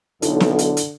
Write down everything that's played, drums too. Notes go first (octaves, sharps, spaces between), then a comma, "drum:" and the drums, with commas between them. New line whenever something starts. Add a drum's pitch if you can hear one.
B1 D3 D4 E4 A4, drum: hi-hat
drum: snare
drum: hi-hat
drum: hi-hat